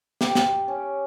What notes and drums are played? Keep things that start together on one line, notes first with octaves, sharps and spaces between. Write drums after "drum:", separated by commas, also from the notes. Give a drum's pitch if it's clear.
G4, drum: snare
drum: snare
C#4